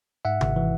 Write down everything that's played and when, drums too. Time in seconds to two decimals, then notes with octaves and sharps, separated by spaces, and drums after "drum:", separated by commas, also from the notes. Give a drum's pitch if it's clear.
0.25 G#2 E5 F#5
0.41 G#1, drum: tom C3
0.56 E3